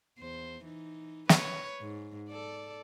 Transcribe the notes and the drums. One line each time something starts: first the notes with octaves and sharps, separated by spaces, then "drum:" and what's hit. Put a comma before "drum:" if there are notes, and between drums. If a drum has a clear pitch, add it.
E2 C5
E3 D#4
B4 C#5, drum: snare
G#2
A4 D5